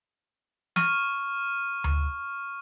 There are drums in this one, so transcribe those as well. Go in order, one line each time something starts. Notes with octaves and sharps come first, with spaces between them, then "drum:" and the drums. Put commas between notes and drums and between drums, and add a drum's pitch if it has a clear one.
C#6 F6 D#7, drum: snare
drum: tom D2